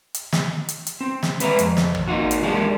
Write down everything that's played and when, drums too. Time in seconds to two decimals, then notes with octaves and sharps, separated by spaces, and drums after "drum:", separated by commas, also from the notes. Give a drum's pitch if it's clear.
0.14 drum: hi-hat
0.32 drum: snare
0.69 drum: hi-hat
0.87 drum: hi-hat
1.01 C4
1.23 drum: snare
1.40 G#3 B4 E5 A#5, drum: hi-hat
1.59 F2, drum: hi-hat
1.77 drum: snare
1.95 drum: tom
2.08 A#3 D#4 F4 F#4
2.31 drum: hi-hat
2.42 E3 G#3 A3 D4 G4 A#4